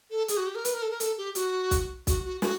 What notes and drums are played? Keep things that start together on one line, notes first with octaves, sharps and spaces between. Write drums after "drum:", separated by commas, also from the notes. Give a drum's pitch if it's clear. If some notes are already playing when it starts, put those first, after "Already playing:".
A4
G#4, drum: hi-hat
F#4
G4
A#4
B4, drum: hi-hat
A#4
A4
A#4
A4, drum: hi-hat
G4
F#4, drum: hi-hat
drum: kick, hi-hat
F#4, drum: kick, hi-hat
F#4
F#4, drum: snare